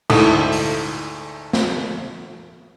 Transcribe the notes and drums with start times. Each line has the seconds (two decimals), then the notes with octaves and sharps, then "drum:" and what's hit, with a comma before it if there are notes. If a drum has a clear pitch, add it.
0.10 D2 G#2 A3 E4 D#6, drum: cymbal
0.52 drum: open hi-hat
1.53 drum: snare